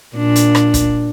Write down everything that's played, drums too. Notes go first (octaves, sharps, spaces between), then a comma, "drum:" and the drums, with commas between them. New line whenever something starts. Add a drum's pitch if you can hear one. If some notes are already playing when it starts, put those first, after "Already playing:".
A#2 D4
drum: hi-hat
drum: rim click
drum: kick, hi-hat